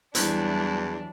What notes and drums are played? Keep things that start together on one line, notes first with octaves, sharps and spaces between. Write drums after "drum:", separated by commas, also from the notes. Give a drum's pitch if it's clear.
E2 E3 F#3 G3 D4, drum: hi-hat